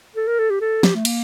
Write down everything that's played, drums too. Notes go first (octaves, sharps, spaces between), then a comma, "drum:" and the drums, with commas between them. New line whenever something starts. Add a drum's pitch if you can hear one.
A4
A#4
A4
G4
A4
G4, drum: snare
A3
A#3, drum: cymbal